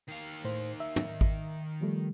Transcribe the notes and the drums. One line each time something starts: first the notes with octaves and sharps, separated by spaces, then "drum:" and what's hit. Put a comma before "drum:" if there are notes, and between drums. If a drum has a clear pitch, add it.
D#3 F5
A2 C5
E5
drum: tom
drum: kick G#1
F3 G3 A3